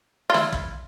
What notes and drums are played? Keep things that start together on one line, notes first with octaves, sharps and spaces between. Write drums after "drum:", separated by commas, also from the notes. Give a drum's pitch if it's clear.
F4
E4, drum: snare
drum: kick